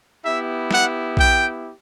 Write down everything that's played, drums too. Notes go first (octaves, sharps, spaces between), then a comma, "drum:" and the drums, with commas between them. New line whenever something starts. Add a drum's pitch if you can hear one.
B3 E4 G4 E5
F#5, drum: snare
G5, drum: kick B1